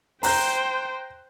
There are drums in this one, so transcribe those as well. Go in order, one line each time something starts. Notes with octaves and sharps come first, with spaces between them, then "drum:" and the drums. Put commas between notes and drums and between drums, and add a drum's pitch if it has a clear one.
C5 G5 A#5 F#6 G6, drum: open hi-hat